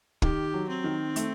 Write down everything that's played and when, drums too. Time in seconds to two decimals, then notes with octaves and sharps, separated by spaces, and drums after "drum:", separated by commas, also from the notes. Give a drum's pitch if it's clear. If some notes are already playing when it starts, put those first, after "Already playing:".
0.22 D#3 G4, drum: kick
0.54 F#3
0.69 C4
0.84 D#3
1.16 A3, drum: hi-hat